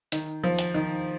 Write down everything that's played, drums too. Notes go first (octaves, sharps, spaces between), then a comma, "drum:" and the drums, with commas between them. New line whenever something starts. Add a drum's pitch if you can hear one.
D#3, drum: hi-hat
F3
drum: hi-hat
D#3